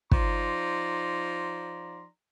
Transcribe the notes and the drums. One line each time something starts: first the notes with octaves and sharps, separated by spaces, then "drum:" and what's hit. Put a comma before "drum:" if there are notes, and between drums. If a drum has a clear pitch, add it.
F3 D#4 D5 A#5 C6, drum: kick